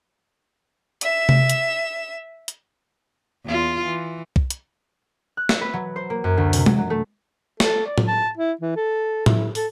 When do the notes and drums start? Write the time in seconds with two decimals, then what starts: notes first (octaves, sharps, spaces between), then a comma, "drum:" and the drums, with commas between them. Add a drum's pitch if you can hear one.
1.01 E5 E7, drum: hi-hat
1.29 drum: tom C3
1.49 drum: hi-hat
2.48 drum: hi-hat
3.45 E2 F4
3.84 E3
4.36 drum: kick
4.50 drum: hi-hat
5.37 F#6
5.49 E5, drum: snare
5.61 B4
5.73 F#3
5.96 C5
6.10 A#3
6.24 F#2
6.37 D2
6.53 C3, drum: open hi-hat
6.66 F#3, drum: tom G#3
6.78 F#3
6.90 A3
7.60 A4, drum: snare
7.86 D5
7.98 drum: tom A2
8.07 A5
8.37 E4
8.61 E3
8.76 A4
9.26 E4, drum: tom A2
9.55 A4, drum: open hi-hat